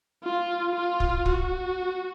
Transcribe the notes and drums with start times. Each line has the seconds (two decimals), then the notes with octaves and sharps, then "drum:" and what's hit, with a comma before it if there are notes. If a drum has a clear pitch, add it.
0.24 F4
0.75 F4
1.00 drum: kick
1.26 F#4, drum: kick